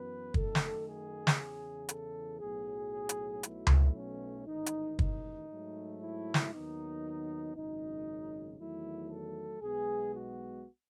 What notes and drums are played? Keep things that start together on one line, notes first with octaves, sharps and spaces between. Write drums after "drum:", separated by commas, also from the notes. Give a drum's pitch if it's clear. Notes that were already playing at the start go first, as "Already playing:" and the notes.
Already playing: F#2 E3 B3 B4
F#2 D#3 A3 A4, drum: kick
drum: snare
G#4
drum: snare
E2 C#3 E3
A4, drum: hi-hat
B1 A2 F#3 B3 G#4
drum: hi-hat
B1 B2 F#3 A3 E4, drum: hi-hat
drum: tom C#2
C#4
A1 G#2 D#3 D#4
drum: hi-hat
D#4, drum: kick
G#2 F#3 A3
E4
drum: snare
D#2 D#3 F#3 B3 D#4
G#1 F#2 C#3 D#4
E2 D#3 F#3 A3 E4
A4
B1 B2 G#3 B3 G#4
F#4